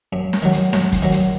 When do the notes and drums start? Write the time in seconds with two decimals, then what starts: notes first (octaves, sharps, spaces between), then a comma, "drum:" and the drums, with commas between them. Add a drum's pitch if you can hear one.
0.13 F#2
0.33 drum: snare
0.43 D#3 F#3
0.53 drum: hi-hat
0.73 F#2, drum: snare
0.92 drum: kick, hi-hat
1.02 D#3 F#3
1.12 drum: hi-hat